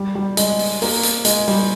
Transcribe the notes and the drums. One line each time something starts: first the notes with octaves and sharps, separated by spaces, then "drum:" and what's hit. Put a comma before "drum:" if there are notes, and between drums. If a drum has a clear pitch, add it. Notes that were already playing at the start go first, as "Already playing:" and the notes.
Already playing: G3
G3
G#3, drum: hi-hat
drum: open hi-hat
A#3, drum: open hi-hat
drum: hi-hat
G#3, drum: hi-hat
G3, drum: open hi-hat